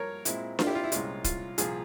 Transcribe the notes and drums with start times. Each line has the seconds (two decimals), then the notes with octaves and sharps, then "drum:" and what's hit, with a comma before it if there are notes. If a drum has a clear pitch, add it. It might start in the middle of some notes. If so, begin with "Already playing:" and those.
Already playing: G2 F3 A#3 A#4 C#5
0.25 A#2 G#3 C4 E4, drum: hi-hat
0.59 F4, drum: snare D4
0.67 E4 G4
0.75 F4
0.84 E4
0.92 C2 A#2 G#3 C#4 F4, drum: hi-hat
1.24 F4, drum: kick, hi-hat
1.58 C2 A#2 F3 F4 G#4, drum: hi-hat